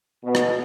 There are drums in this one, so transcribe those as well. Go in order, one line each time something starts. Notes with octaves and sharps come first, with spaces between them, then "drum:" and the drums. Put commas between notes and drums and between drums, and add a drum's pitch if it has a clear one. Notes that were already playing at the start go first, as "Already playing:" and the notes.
B2
drum: rim click